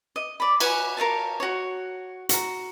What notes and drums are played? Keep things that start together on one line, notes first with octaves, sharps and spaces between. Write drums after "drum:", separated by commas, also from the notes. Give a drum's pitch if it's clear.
D#5
D5 B5
B4 C#5 F#5 G#5, drum: cymbal
A#4 C#5 F5 A5
F#4 C#5
F#4 A#5, drum: hi-hat